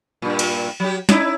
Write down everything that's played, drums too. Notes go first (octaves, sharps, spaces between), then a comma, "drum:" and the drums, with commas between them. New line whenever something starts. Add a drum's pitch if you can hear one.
G2 A#2
drum: cymbal
F#3 G4
C#4 D#4 E4, drum: snare